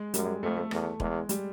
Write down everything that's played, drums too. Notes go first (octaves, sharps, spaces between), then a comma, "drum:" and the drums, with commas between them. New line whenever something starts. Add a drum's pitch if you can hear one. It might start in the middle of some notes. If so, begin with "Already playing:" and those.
Already playing: G#3
F#2 G3, drum: hi-hat
G#3
F2 A3
A3
E2 A3, drum: rim click
E2 G#3, drum: kick E1
G3, drum: hi-hat